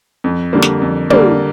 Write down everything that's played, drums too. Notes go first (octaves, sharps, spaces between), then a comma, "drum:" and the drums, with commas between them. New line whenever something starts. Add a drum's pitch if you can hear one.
F2
D3 G3 A#3
drum: snare
F2
D3 G3 A#3, drum: tom